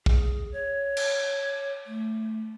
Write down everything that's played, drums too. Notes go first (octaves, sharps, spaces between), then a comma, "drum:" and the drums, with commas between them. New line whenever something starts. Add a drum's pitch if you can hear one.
G#4, drum: kick
C#5
drum: cymbal
A3